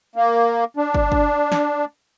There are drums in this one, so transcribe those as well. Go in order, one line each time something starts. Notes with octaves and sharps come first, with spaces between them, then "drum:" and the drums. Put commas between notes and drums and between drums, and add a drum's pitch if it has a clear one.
A#3
D4
drum: kick
drum: kick
drum: snare